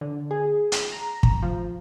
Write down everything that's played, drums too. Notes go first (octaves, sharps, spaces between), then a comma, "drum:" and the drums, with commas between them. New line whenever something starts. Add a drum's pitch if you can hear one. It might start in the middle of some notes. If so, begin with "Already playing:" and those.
D3
G#4
drum: hi-hat
A#5
drum: kick
F3